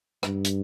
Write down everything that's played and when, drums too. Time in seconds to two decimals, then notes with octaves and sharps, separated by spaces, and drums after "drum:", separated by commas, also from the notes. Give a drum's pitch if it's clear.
0.23 G2, drum: rim click
0.44 drum: hi-hat